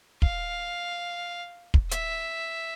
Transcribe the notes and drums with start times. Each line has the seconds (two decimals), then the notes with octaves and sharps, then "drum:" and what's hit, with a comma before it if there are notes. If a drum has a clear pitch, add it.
0.22 F5, drum: kick
1.74 drum: kick
1.91 E5, drum: hi-hat